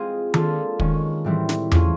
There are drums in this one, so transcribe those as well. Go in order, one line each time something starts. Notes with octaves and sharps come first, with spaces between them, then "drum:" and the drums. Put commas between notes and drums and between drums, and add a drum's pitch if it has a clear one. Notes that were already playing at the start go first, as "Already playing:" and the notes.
Already playing: G#3 C4 F4 G#4
A#3 D4 F4 A4, drum: tom D#3
D#3 G#3 C#4, drum: kick
A2 E3 G3 C4 E4
drum: snare
A3 C#4 F4 G#4, drum: tom E2